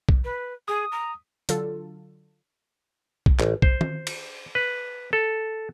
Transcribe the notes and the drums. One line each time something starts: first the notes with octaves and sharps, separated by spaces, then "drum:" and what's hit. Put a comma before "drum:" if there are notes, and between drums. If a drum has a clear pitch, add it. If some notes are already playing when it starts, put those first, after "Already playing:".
drum: kick B1
B4
G#4 D#6
A#5
D3 F#3 F4 A4, drum: hi-hat
drum: kick B1
A1, drum: clap
C5, drum: kick B1
drum: tom D#3
drum: cymbal
B4
A4